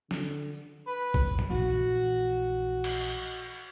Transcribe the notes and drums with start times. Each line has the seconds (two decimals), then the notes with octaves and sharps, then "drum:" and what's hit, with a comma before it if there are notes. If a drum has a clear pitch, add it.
0.11 D3, drum: snare
0.87 B4
1.14 drum: kick
1.39 drum: tom G2
1.50 A#1 E3 F#4
2.84 drum: cymbal